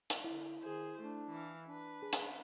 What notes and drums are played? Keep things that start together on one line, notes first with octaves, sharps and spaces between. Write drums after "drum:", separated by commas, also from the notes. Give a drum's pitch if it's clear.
drum: hi-hat
D3 E4
D#3 G#4 C5
A3 D4
E3 F5
D4 B4
G#4
drum: hi-hat